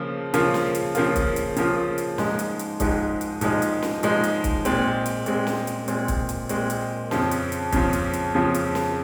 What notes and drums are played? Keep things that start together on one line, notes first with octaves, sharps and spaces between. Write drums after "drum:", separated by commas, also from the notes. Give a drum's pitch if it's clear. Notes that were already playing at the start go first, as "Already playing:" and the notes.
Already playing: C#3 F3 A#3 F4
C#3 F3 A#3 F4, drum: hi-hat
drum: snare
drum: hi-hat
C#3 F3 A#3 F4, drum: hi-hat
drum: kick, hi-hat
drum: hi-hat
C#3 F3 A#3 F4, drum: hi-hat
drum: hi-hat
G#2 F3 G#3 D#4, drum: snare
drum: hi-hat
drum: hi-hat
G#2 F3 G#3 D#4, drum: kick, hi-hat
drum: hi-hat
G#2 F3 G#3 D#4, drum: hi-hat
drum: hi-hat
drum: snare
G#2 F3 G#3 D#4, drum: hi-hat
drum: hi-hat
drum: kick, hi-hat
A#2 G#3 C4, drum: hi-hat
drum: hi-hat
A#2 G#3 C4, drum: hi-hat
drum: snare
drum: hi-hat
A#2 G#3 C4, drum: hi-hat
drum: kick, hi-hat
drum: hi-hat
A#2 G#3 C4, drum: hi-hat
drum: hi-hat
F2 C#3 F3, drum: snare
drum: hi-hat
drum: hi-hat
F2 C#3 F3, drum: kick, hi-hat
drum: hi-hat
drum: hi-hat
F2 C#3 F3
drum: hi-hat
drum: snare